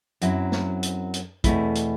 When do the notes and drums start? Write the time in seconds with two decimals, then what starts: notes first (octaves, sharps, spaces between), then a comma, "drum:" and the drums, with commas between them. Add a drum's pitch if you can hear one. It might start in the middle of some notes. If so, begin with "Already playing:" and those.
0.21 F#2 F#3 C4 E4, drum: hi-hat
0.52 drum: snare
0.83 drum: hi-hat
1.14 drum: hi-hat
1.44 E2 B2 A3 C4 E4, drum: kick, hi-hat
1.75 drum: hi-hat